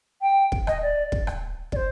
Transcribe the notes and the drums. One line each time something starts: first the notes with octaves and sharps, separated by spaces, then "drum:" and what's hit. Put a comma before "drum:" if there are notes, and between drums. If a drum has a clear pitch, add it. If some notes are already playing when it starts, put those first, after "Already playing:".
G5
drum: kick
D#5, drum: rim click
D5
drum: kick
drum: rim click
D5, drum: kick
C5